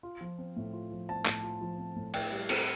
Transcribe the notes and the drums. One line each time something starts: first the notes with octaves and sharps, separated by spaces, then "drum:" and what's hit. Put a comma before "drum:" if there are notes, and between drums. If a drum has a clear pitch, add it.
F4
F3
C4
A2
F4
F3
C4 A5
A2, drum: clap
F4
F3
C4
A2
E4 G5, drum: cymbal
G3
C4, drum: cymbal